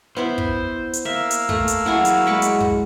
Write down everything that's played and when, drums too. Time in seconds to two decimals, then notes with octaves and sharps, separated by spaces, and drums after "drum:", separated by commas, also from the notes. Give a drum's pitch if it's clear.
0.17 B3 E4 C5 B5
0.38 drum: kick
0.93 drum: hi-hat
1.05 A#3 E5 F5 E6
1.31 drum: hi-hat
1.49 A3, drum: kick
1.68 drum: hi-hat
1.86 F#3 E4 F#4 G#4
2.05 drum: hi-hat
2.27 G#3 B5 C#6 D6
2.42 drum: hi-hat
2.60 drum: kick